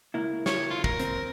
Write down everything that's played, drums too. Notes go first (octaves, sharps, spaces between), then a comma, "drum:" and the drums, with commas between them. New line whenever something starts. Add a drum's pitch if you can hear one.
C#2 A#3 E4
C#5, drum: snare
F4
A#4, drum: kick
C4, drum: hi-hat